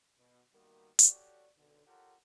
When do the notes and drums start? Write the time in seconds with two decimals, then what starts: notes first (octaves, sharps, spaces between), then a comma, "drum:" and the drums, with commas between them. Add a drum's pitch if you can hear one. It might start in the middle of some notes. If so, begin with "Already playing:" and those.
0.19 B2
0.53 D#3 G3 A#3 B3 F#4 A#4
0.99 F#4 G4 A4 C#5 D5, drum: hi-hat
1.57 B1 D3
1.86 F4 G4 A4 A#4 C#5 F#5